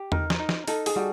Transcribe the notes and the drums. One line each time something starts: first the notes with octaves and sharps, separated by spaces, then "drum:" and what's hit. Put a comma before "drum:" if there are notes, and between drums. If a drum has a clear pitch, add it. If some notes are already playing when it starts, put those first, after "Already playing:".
Already playing: G4
D#4 A#4, drum: tom E2
drum: snare
D#4
drum: snare
D#4 A4, drum: open hi-hat
G#4, drum: open hi-hat
G3 F#4